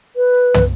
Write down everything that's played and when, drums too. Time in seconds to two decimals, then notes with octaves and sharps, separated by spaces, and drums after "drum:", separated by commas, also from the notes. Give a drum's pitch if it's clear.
0.16 B4
0.54 drum: tom